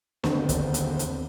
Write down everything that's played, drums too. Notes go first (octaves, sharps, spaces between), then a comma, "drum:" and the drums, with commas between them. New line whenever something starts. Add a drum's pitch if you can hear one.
D#2 D3 B3 C4, drum: snare
drum: kick, hi-hat
drum: hi-hat
drum: hi-hat